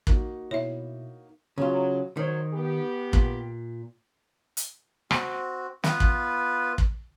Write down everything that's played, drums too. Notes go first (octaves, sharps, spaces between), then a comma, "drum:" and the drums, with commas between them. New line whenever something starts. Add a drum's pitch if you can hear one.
A#3 D#4 F#4, drum: kick
B2 E4 C#5 E5
C#3 F#3 F4
D#3 F#3 C5 C#5
B3 G4
A#2, drum: kick
drum: hi-hat
C4 F#4, drum: rim click
B3 F4 B4, drum: snare
drum: kick
drum: kick